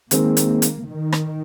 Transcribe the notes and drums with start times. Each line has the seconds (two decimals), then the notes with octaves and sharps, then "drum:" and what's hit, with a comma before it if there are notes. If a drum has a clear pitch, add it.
0.11 D#3 G#3 A#3 C4, drum: hi-hat
0.37 drum: hi-hat
0.62 drum: hi-hat
0.87 D#3
1.13 drum: rim click